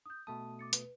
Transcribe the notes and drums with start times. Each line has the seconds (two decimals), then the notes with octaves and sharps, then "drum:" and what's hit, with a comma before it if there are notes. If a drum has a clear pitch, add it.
0.06 D#6 G6
0.27 B2 A3 A5 D#6
0.59 D6 A6 C#7
0.73 B4, drum: hi-hat